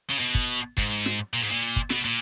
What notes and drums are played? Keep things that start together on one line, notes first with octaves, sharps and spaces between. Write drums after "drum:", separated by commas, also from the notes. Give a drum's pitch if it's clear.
C#3
B2
drum: kick
G#2, drum: kick
drum: snare
A#2
G#2
A#2
drum: kick
B2, drum: snare
A#2